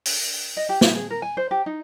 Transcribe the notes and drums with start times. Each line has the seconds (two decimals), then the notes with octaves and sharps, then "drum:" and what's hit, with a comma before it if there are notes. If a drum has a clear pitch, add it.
0.05 drum: open hi-hat
0.57 D#5
0.69 G4
0.81 E4, drum: snare
0.95 G#4
1.10 A#4
1.22 G#5
1.37 C5
1.51 G4
1.66 D#4